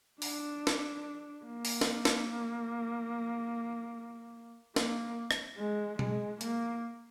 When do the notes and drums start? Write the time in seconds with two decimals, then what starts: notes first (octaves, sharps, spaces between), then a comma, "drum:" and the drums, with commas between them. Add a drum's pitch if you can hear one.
0.22 D4, drum: open hi-hat
0.67 drum: snare
1.46 A#3
1.65 drum: open hi-hat
1.81 drum: snare
2.05 drum: snare
4.76 A#3, drum: snare
5.31 drum: rim click
5.58 G#3
5.99 G#3, drum: tom
6.41 A#3, drum: hi-hat